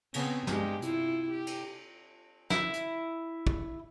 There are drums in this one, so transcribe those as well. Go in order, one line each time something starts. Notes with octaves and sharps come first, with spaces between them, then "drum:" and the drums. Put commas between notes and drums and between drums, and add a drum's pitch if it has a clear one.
C#3 B3 C4, drum: cymbal
G2 G#3 G4, drum: snare
C3 E4 F4, drum: hi-hat
G4
drum: cymbal
E4, drum: snare
drum: hi-hat
drum: kick